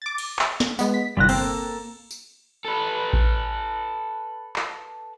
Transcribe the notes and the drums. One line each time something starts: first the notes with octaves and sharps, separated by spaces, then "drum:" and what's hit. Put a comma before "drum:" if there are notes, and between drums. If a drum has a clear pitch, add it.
D6 A6
drum: cymbal
drum: clap
drum: snare
G#3 B3, drum: tambourine
B6
G1 C2 G3 F4 F#6 A#6
A#3 C4 A4, drum: cymbal
drum: tambourine
A4 B4
drum: kick A1
drum: clap